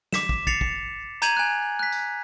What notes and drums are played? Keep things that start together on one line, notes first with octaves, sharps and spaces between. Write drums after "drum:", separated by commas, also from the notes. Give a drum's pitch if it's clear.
D6 B6 E7, drum: snare
drum: kick
A6 C7 C#7 F7, drum: kick
drum: kick
A#5 G6 G#6 D#7 F7 F#7, drum: hi-hat
G#5 F#6
F#6 B6
drum: tambourine